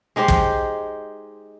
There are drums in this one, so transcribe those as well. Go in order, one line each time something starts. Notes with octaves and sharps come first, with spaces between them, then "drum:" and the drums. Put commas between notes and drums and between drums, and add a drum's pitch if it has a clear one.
G#3 D#4 G4 C5
drum: kick